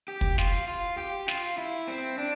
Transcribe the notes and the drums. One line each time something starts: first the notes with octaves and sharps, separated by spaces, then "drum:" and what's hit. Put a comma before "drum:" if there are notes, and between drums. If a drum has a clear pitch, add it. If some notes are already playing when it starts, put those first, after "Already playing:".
G4
drum: kick
F4, drum: snare
F4
G4
F4, drum: snare
E4
C4
D4